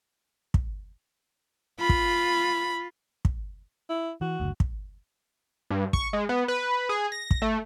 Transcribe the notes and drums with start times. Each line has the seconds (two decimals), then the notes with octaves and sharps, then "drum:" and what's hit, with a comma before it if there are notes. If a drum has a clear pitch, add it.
0.54 drum: kick
1.80 F4 B5
1.89 drum: kick
3.25 drum: kick
3.89 E4
4.21 E3 F#4
4.40 F#1 D2
4.60 drum: kick
5.70 G2
5.93 C#6, drum: kick
6.13 G#3
6.29 B3
6.48 B4
6.89 G#4
7.12 A#6
7.31 drum: kick
7.42 A3